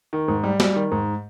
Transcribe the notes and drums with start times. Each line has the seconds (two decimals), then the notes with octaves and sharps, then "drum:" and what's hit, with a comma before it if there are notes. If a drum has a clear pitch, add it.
0.13 D#3
0.28 G#2
0.44 G3
0.60 G3, drum: snare
0.75 D#3
0.92 G#2